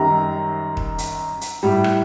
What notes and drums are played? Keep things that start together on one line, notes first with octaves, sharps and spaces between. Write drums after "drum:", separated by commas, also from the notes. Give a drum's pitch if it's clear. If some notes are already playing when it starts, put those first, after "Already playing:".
Already playing: F#2 D#3 G3 A#5
drum: kick
drum: hi-hat
drum: hi-hat
A2 G3
drum: rim click